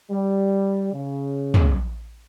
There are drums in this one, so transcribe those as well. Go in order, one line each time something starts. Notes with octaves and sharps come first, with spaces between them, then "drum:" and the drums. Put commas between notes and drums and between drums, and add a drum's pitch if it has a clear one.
G3
C#3
drum: tom